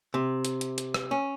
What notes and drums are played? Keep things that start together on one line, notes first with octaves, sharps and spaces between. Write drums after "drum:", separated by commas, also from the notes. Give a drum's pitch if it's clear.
C3
drum: hi-hat
drum: hi-hat
drum: hi-hat
drum: rim click
C#4